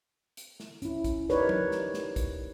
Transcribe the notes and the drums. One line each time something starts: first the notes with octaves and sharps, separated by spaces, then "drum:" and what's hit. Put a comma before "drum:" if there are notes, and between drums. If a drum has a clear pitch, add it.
drum: hi-hat
drum: snare
C#4 E4, drum: hi-hat
drum: kick, hi-hat
D#4 G4 A#4 B4 C#5 D5, drum: snare
drum: tom F3
drum: snare
drum: snare
drum: kick, hi-hat